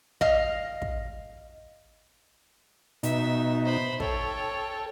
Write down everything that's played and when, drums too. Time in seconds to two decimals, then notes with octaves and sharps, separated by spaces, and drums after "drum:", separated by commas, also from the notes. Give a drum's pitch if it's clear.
0.21 D#5 F5, drum: kick
0.82 drum: kick
3.03 B2 D#4 E5, drum: hi-hat
3.65 C5 B5
4.00 A4 C#5 G5, drum: kick